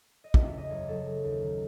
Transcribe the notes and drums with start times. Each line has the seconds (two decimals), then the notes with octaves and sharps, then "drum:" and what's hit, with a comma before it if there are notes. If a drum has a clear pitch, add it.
0.24 D#5
0.34 E2 E5, drum: kick
0.46 E5
0.52 C#3
0.58 D#5
0.70 F#1 C#5
0.88 F#3 A4
1.07 F#3
1.24 D#2
1.43 D#3